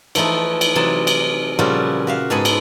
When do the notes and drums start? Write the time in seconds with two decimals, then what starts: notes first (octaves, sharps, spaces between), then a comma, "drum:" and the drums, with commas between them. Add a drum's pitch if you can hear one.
0.15 E3 F3 A3 D#4 E4, drum: cymbal
0.61 drum: cymbal
0.75 C3 E3 F#3 D#4 A5
1.07 drum: cymbal
1.59 A#2 C#3 F3 G3 E4 F#4
2.07 F#4 E5 F5
2.30 G#2 G#3 B3 A4 G#5 B5
2.45 drum: cymbal